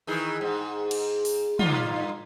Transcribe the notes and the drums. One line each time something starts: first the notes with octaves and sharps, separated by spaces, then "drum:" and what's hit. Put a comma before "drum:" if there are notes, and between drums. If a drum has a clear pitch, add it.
D#3 E3 G#4
G#2
drum: cymbal
drum: open hi-hat
G2 A#3 F4, drum: tom